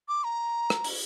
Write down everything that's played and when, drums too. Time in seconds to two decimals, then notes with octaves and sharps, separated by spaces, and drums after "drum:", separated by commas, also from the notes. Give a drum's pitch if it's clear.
0.08 D6
0.24 A#5
0.70 drum: rim click
0.84 drum: open hi-hat